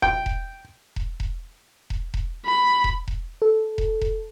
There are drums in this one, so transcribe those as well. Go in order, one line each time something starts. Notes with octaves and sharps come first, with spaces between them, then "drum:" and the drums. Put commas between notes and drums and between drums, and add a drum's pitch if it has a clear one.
G5, drum: kick E1
drum: kick E1
drum: kick E1
drum: kick E1
drum: kick E1
drum: kick E1
B5
drum: kick E1
drum: kick E1
A4
drum: kick E1
drum: kick E1